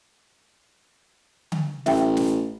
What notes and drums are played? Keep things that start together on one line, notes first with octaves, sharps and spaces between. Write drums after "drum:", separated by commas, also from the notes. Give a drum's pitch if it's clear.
drum: tom D3
A1 E5 G5, drum: snare
drum: snare